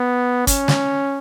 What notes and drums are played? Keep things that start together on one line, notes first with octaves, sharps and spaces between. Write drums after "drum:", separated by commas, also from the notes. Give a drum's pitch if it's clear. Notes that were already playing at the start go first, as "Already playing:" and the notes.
Already playing: B3
C#4, drum: kick, hi-hat
drum: snare